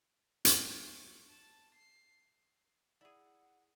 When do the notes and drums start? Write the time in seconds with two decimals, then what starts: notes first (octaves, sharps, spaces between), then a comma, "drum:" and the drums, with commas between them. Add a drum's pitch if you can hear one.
0.45 drum: hi-hat
0.81 C#6
1.30 A5
1.75 C7
3.01 E4 G#4 D5 F#5